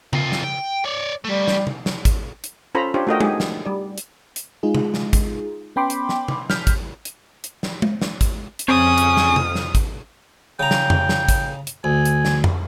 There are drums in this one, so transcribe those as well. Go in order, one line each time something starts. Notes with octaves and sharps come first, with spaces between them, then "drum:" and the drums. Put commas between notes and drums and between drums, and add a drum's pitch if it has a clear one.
C3 F4, drum: tom C#3
drum: snare
G5
C#5 D5
G3 A3 G4
drum: snare
drum: tom C3
drum: snare
drum: kick G#1, hi-hat
drum: hi-hat
C#4 F4 A4 C5 A#5 B5
D4 F4 G4 C5 C#5
A3 F4 F#4 A#4 D#5 G5
D#4 G4 G#4, drum: tom G#3
drum: snare
G3 D5
drum: hi-hat
drum: hi-hat
G#3 D#4 F4 G#4
drum: tom C3
drum: snare
drum: kick G#1, hi-hat
B3 C#4 G5 B5 C6 D6
drum: hi-hat
drum: snare
drum: tom C3
F6 G6 B6, drum: snare
drum: kick G#1, hi-hat
drum: hi-hat
drum: hi-hat
drum: snare
drum: tom G#3
drum: snare
drum: kick G#1, hi-hat
drum: hi-hat
F2 C4 G#4 C#5 D#6 F6
drum: hi-hat
drum: snare
drum: tom C3
drum: snare
drum: kick G#1, hi-hat
C#3 G5 A#5
drum: snare
drum: tom F2
drum: snare
drum: kick G#1, hi-hat
drum: hi-hat
D2 G#5
drum: hi-hat
drum: snare
drum: tom F2